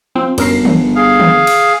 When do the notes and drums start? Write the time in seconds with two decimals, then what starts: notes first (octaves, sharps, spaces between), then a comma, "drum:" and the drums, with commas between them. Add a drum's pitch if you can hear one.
0.16 F3 C4
0.38 G1 F#2 A#4 C7, drum: cymbal
0.65 drum: tom
0.96 G#4 F5
1.20 drum: tom
1.47 drum: cymbal